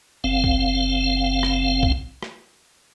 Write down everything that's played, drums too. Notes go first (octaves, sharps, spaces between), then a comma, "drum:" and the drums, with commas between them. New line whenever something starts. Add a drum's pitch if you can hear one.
F#1 C4 F5
drum: kick B1
drum: rim click
drum: kick B1
drum: rim click